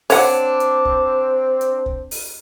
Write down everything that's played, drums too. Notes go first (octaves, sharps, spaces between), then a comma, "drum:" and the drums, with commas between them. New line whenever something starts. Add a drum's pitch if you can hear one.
C4 D4 C#5 F#5, drum: open hi-hat
drum: hi-hat
drum: kick
drum: hi-hat
drum: kick
drum: open hi-hat